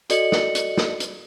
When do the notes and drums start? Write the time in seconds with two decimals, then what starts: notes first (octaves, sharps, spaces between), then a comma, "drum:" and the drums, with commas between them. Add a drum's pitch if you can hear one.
0.10 F#4 A4 D5 D#5 C#7 F#7, drum: hi-hat
0.32 drum: snare
0.55 drum: hi-hat
0.77 drum: snare
1.00 drum: hi-hat